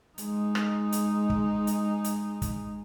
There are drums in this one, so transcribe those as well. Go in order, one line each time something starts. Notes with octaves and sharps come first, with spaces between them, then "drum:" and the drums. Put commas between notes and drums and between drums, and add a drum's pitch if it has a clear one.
G#3 D#4, drum: hi-hat
drum: rim click
drum: hi-hat
drum: kick
drum: hi-hat
drum: hi-hat
drum: kick, hi-hat